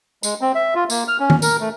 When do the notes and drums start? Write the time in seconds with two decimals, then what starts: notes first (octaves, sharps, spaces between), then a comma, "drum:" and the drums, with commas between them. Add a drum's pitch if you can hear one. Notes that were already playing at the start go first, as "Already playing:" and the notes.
0.23 G#3, drum: tambourine
0.41 C4
0.55 E5
0.75 F4
0.90 A#3, drum: tambourine
1.08 F6
1.20 C#4
1.30 drum: tom
1.42 A#4, drum: tambourine
1.60 A3